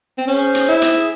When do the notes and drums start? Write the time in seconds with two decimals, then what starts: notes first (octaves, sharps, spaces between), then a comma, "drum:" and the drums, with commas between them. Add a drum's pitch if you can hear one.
0.18 C4
0.27 C#4 G#4 C5
0.54 drum: hi-hat
0.68 E4
0.81 drum: hi-hat
0.97 G#4